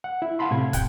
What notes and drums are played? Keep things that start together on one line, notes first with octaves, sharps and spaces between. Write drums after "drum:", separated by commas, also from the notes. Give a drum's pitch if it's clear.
F#5
E4
F5 F#5 A5 B5 C6
A2 C3 G#6
G5 F#6, drum: kick, hi-hat